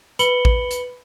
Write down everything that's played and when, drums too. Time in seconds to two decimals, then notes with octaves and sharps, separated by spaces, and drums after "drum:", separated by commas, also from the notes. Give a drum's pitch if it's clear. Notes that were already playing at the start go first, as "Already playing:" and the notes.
0.19 B4 B5 C#7 F#7 G7, drum: hi-hat
0.45 drum: kick A1
0.71 drum: hi-hat